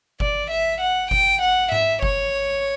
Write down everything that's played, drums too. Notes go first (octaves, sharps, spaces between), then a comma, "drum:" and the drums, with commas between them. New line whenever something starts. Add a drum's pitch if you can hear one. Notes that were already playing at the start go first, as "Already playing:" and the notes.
D5, drum: kick F#1
E5
F#5
G5, drum: kick F#1
F#5
E5, drum: tom G#2
C#5, drum: kick F#1